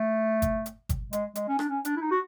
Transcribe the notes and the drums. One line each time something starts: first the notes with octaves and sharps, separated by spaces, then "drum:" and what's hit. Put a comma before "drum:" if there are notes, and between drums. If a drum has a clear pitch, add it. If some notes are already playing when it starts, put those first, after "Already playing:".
Already playing: A3
drum: kick G1, hi-hat
drum: hi-hat
drum: kick G1, hi-hat
G#3, drum: hi-hat
G#3, drum: hi-hat
C#4
D4, drum: rim click
C#4
D4, drum: hi-hat
E4
D#4
F#4